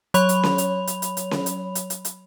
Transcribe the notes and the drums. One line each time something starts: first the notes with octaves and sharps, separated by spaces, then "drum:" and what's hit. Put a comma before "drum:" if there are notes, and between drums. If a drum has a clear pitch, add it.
F#3 C#5 B5 F7, drum: hi-hat
drum: hi-hat
drum: snare C#4
drum: hi-hat
drum: hi-hat
drum: hi-hat
drum: hi-hat
drum: snare C#4
drum: hi-hat
drum: hi-hat
drum: hi-hat
drum: hi-hat